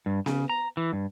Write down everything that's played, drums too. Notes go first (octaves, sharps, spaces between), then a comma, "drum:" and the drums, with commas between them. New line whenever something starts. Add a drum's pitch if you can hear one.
G2
C#3, drum: snare B3
A#5
E3
G2